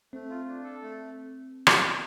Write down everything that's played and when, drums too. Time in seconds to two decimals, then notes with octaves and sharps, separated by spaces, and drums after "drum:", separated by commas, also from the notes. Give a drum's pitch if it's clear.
0.13 A3 C4
0.30 F4
0.48 D4
0.64 A4
0.82 A3
1.67 drum: rim click